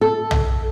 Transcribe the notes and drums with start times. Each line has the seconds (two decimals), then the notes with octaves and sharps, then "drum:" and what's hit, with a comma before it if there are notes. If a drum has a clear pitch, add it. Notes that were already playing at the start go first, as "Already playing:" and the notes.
0.01 A4
0.31 drum: tom